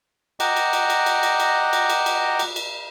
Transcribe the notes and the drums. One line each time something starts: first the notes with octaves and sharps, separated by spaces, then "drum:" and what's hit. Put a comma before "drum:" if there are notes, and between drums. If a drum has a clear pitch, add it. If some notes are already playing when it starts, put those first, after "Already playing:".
D#5 F#5 G5 A#5 D6, drum: cymbal
drum: cymbal
drum: cymbal
drum: cymbal
drum: cymbal
drum: cymbal
drum: cymbal
drum: cymbal
drum: cymbal
drum: cymbal
drum: cymbal
drum: cymbal